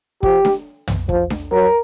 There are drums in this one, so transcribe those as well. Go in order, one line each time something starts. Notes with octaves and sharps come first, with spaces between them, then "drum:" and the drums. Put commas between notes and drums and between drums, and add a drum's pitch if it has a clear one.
F3 G4, drum: kick
drum: snare D4
drum: tom
F3, drum: kick
drum: snare D4
F#3 A#4